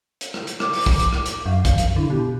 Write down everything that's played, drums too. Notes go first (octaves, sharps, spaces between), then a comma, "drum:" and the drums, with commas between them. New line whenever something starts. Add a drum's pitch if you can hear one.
drum: hi-hat
drum: rim click
drum: hi-hat
D6, drum: rim click
drum: open hi-hat
drum: kick
drum: hi-hat
drum: rim click
drum: hi-hat
F#2 F5
drum: kick, hi-hat
drum: hi-hat
D3 E4
B2 G4